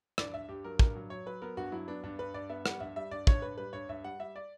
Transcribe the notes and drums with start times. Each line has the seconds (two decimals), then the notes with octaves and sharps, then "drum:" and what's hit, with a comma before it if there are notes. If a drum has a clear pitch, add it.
0.18 G2 D5, drum: rim click
0.34 G2 E5
0.49 G2 G4
0.64 F#3 A#4
0.79 G2 A#4, drum: kick
0.95 F#3
1.10 F#3 C#5
1.26 F#3 B4
1.42 B3 A#4
1.57 G2 F#4
1.72 F#3 E4
1.88 B3 D4
2.04 G2 D4
2.19 G2 B4
2.34 G2 D5
2.49 B3 E5
2.66 G3 F#5, drum: rim click
2.80 G2 E5
2.96 G3 E5
3.11 G2 D5
3.27 G2 C#5, drum: kick
3.42 G2 B4
3.58 G3 B4
3.73 G2 C#5
3.89 G2 E5
4.04 G3 F#5
4.19 G3 E5
4.36 D5